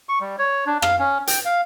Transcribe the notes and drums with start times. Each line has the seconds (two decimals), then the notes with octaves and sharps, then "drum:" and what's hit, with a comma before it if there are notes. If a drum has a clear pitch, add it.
0.09 C#6
0.21 G3
0.39 C#5
0.66 D4
0.82 F5, drum: rim click
0.99 C#4
1.27 G5, drum: hi-hat
1.45 F5